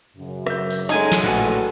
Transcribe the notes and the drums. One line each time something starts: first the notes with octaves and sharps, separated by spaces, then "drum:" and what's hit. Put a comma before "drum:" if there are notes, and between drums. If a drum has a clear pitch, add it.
F#2 C#3
E5 G6, drum: rim click
drum: open hi-hat
F#3 G#3 C#4 D#4 A4 G#5, drum: hi-hat
drum: snare
A#1 A2 A3 B3 F#4 A4 F#5 G#5